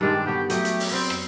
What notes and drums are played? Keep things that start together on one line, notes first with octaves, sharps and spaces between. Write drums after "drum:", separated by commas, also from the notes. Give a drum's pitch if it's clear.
G2 D#3 G#3 C4 D4
D3 B3 F#4 G4
F#3 A3 G4 D#5, drum: hi-hat
drum: hi-hat
drum: open hi-hat
B3 C4 D5
drum: rim click